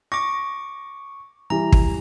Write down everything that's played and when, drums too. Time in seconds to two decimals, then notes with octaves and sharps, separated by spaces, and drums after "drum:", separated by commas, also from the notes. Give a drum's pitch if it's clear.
0.12 C#6 D6 A#6
1.50 E3 G3 A#5
1.72 drum: kick